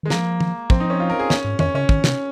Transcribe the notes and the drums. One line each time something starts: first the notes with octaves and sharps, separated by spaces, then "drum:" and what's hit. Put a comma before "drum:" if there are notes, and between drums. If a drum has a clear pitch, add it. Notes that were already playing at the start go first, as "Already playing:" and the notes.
D#3 G#3
F3 A#3, drum: snare
drum: tom
F3 C4, drum: kick
D#4
C#4
F4
A#4
G#4
C#4, drum: snare
G#2
F2 C#4, drum: tom
C#3 C#4
D#3, drum: kick
C3, drum: snare